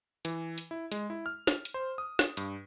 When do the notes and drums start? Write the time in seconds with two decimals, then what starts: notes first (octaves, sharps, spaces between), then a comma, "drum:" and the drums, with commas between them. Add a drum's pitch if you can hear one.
0.25 E3, drum: hi-hat
0.58 drum: hi-hat
0.71 E4
0.91 G#3, drum: hi-hat
1.10 E4
1.26 F6
1.47 drum: snare
1.65 drum: hi-hat
1.74 C5
1.98 D#6
2.19 drum: snare
2.37 G2, drum: hi-hat